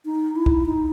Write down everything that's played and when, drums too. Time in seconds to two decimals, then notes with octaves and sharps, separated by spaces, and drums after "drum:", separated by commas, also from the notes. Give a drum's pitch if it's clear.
0.05 D#4
0.36 E4
0.46 drum: kick
0.66 D#4